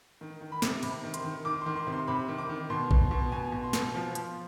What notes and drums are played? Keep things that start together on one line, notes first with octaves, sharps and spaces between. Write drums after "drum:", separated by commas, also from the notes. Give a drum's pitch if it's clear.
D#3
D#3
B5
C3, drum: snare
C3 B5, drum: cymbal
D#3
C6, drum: hi-hat
D#3
D#3 D6
D#3 C6
C6
C3
C6
C3 B5
D#3
D6
D#3
B2 C6
B2, drum: kick A1
B2
B2 G#5
B2
C6
B2, drum: snare
F3
F3, drum: hi-hat